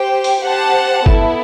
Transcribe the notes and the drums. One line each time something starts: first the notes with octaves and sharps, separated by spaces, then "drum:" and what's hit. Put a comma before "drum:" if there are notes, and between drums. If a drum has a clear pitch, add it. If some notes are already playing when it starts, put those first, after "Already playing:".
Already playing: G4 C5 G5
drum: open hi-hat
G4 C5 F#5 A5
B3 E4 A4, drum: kick